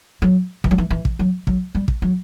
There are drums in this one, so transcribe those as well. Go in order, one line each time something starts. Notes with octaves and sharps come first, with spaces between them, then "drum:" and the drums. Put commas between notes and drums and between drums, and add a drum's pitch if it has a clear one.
F#3
E3, drum: kick
F#3
E3
E3
drum: kick
F#3
F#3, drum: kick
G3
drum: kick
F#3